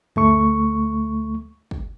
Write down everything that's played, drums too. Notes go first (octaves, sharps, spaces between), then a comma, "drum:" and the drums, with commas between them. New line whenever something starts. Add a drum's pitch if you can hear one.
D2 A3 C#6, drum: tom G2
drum: kick